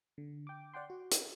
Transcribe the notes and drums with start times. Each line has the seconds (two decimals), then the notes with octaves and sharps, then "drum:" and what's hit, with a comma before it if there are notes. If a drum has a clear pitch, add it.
0.18 D3
0.47 G5 D6
0.74 D5 F#5 G5 C6
0.90 F#4
1.11 drum: hi-hat